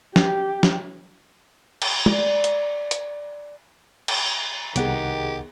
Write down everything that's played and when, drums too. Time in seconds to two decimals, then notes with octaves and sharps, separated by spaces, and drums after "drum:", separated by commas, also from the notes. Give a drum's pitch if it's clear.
0.16 G4, drum: snare
0.63 drum: snare
1.82 drum: cymbal
2.06 D5, drum: tom G#3
2.44 drum: hi-hat
2.91 drum: hi-hat
4.08 drum: cymbal
4.76 C2 D#3 B3 G4 G#4 F#5, drum: hi-hat